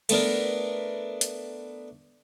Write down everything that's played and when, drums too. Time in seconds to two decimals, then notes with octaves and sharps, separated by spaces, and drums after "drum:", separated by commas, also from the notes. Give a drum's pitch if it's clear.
0.09 A3 B3 D4 A#4, drum: cymbal
1.21 drum: hi-hat